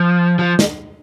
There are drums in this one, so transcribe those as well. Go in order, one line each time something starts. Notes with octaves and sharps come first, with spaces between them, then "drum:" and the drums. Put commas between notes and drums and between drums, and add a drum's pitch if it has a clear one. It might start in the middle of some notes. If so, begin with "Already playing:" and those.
Already playing: F3
F3
drum: snare